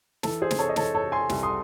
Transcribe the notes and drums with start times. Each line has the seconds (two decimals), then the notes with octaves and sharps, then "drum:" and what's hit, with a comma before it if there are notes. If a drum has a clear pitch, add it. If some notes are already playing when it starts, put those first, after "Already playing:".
0.23 E3 A4, drum: snare
0.42 G#4 C5
0.51 C3, drum: snare
0.59 A4 C#5
0.69 D#5
0.76 E3 A4 C#5, drum: snare
0.95 A4 C#5
1.03 C3
1.12 G#5 C6
1.29 C2, drum: snare
1.43 C6 D#6